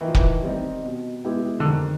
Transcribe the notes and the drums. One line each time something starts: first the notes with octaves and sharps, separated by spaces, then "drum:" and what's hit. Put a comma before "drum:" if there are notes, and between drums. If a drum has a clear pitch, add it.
D#3 E3
F3
E3, drum: kick
G3 C4 D#4
B2
G#3 B3 E4 G4
D3
F2 D#3